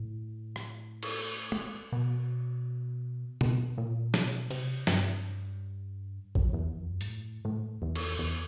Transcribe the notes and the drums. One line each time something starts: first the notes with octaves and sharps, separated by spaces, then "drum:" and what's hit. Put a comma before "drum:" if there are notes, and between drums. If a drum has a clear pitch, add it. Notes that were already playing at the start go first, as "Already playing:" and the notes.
Already playing: A2
drum: rim click
drum: cymbal
drum: tom
B2
B2, drum: tom
A#2
B2, drum: snare
C3, drum: cymbal
G2, drum: snare
F#2, drum: kick A1
F2
E2
F2
F#2
G#2, drum: hi-hat
A2
A2
E2
drum: cymbal
E2